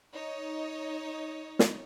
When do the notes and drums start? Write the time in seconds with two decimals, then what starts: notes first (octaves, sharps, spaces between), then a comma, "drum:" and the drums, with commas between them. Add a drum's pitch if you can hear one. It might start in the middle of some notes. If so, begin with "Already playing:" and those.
0.14 D#4 C#5 D#5
1.59 drum: snare